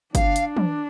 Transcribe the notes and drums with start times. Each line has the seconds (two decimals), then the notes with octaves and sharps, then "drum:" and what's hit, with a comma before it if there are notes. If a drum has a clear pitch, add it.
0.15 D4 F5, drum: kick G1, hi-hat
0.36 drum: hi-hat
0.57 drum: tom